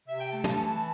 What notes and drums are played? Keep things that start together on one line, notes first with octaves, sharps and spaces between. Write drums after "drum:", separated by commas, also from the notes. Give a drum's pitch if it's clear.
C3 E5
G5
A3 A5
A5, drum: tom
E3